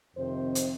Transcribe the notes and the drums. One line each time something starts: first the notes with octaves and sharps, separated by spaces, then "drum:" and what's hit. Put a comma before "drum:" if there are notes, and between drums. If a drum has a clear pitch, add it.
F2 C3 D#3 C5
drum: hi-hat